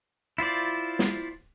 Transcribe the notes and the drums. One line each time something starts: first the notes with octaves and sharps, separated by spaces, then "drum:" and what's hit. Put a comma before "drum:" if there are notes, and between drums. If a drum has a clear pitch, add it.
E4 F4 C5 D5
drum: snare